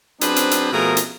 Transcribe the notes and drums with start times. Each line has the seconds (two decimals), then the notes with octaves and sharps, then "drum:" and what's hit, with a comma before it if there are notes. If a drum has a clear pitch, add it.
0.21 F#3 C4 D4 G#4 B4 C5, drum: hi-hat
0.36 drum: hi-hat
0.51 drum: hi-hat
0.72 B2 F3 A3 G#4 A#4
0.97 drum: hi-hat